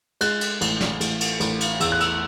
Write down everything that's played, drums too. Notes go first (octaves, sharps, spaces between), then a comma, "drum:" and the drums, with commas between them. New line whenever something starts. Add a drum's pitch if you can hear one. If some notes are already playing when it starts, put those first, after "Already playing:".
G#3 F#6, drum: cymbal
drum: cymbal
A1, drum: cymbal
drum: snare
A1, drum: cymbal
drum: cymbal
A1, drum: cymbal
drum: cymbal
E2 E6, drum: cymbal
F#6
E6, drum: cymbal